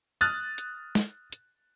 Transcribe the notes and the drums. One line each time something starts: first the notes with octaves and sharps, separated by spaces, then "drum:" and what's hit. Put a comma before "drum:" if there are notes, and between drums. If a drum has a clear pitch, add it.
D#6 F6 F#6 A6
drum: hi-hat
drum: snare
drum: hi-hat